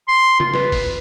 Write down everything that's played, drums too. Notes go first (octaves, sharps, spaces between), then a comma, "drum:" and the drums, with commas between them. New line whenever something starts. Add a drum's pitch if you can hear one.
C6
F4, drum: tom C#3
B4, drum: snare
drum: kick, open hi-hat